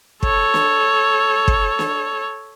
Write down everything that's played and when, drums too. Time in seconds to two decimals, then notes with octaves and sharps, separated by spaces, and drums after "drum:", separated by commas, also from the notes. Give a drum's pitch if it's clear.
0.23 A4 C#5, drum: kick
0.54 drum: snare
1.48 drum: kick
1.79 drum: snare